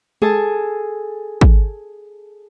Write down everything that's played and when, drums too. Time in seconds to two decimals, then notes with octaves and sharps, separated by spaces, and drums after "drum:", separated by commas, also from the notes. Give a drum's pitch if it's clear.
0.22 G#4 A4 G#5 A5, drum: tom G#3
1.41 drum: kick